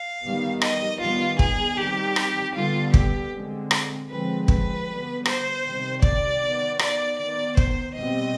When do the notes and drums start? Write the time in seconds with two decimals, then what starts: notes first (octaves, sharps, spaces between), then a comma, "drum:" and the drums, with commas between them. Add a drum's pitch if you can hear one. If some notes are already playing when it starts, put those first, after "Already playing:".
Already playing: F5
0.23 D#3 G3 B3
0.62 D#5, drum: rim click
1.00 D#3 G3 B3 F4
1.39 G#4, drum: kick
1.77 D#3 G3 C4 G4
2.16 drum: rim click
2.55 D3 G3 B3 F4
2.94 G4, drum: kick
3.32 D3 G#3 C4
3.71 drum: rim click
4.09 D3 F3 G#3 C4 B4
4.48 B4, drum: kick
4.87 D3 G3 B3
5.25 C5, drum: rim click
5.64 C3 D#3 G3 C4
6.02 D5, drum: kick
6.41 D#3 B3
6.79 D5, drum: rim click
7.19 D#3 B3 D5
7.57 C5, drum: kick
7.96 B2 G3 C4 D#5